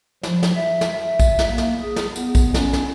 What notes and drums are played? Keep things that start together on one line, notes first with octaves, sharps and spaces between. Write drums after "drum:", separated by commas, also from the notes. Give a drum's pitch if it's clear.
F3, drum: snare
drum: snare
E5
drum: snare
E5
drum: kick A#1, tambourine
drum: snare
A#3
drum: snare
G#4
drum: snare
B3, drum: tambourine
drum: kick A#1, tambourine
C#4, drum: snare
drum: snare